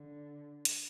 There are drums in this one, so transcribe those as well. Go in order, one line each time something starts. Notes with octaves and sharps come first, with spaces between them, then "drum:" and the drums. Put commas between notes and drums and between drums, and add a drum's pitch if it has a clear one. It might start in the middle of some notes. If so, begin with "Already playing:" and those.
Already playing: D3
drum: hi-hat